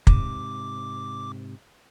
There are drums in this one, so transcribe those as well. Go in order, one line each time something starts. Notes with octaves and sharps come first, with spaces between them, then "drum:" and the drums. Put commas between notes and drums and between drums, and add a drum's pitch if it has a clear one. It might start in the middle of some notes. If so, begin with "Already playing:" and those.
G#2 C3 D6, drum: kick